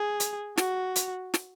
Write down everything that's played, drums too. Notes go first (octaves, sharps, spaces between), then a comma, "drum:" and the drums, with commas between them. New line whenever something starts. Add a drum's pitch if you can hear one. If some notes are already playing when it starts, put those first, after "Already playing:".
Already playing: G#4
drum: hi-hat
F#4, drum: snare
drum: hi-hat
drum: snare